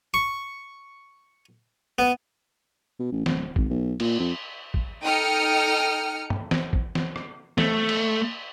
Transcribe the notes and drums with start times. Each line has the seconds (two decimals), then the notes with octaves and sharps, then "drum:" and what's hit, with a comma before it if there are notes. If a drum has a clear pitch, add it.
0.14 C#6
1.99 B3
2.99 B2
3.12 A1
3.26 D1, drum: snare
3.56 G#1, drum: kick
3.69 B1
4.00 A#2, drum: cymbal
4.20 F2
4.74 drum: kick
5.02 D#4 A4 G5 D#6 F6 C#7
6.30 drum: tom G2
6.51 drum: snare
6.73 drum: kick
6.95 drum: snare
7.16 drum: rim click
7.58 A3, drum: snare
7.89 drum: cymbal